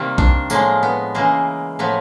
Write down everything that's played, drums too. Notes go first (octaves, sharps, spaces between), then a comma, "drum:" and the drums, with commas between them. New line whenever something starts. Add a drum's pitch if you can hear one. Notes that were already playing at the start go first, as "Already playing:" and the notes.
Already playing: C3 D#3 G3 A#3
D4, drum: kick B1
A2 F3 G#3 A#3, drum: tambourine
B3
C#3 E3 G#3 A#3
A2 F3 A#3 B3